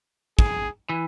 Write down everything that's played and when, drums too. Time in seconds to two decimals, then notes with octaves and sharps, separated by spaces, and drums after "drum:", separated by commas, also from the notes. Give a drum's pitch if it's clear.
0.39 G#4, drum: kick
0.89 E3